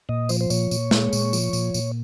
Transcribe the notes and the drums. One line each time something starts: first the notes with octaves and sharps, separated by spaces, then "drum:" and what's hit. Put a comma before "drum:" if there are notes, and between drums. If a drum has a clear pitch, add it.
A#2 D#5
F3 C5, drum: tambourine
C5
A#2 C#5, drum: tambourine
A#2, drum: tambourine
G#3, drum: snare
A#2, drum: tambourine
F3, drum: tambourine
A#2, drum: tambourine
A#2, drum: tambourine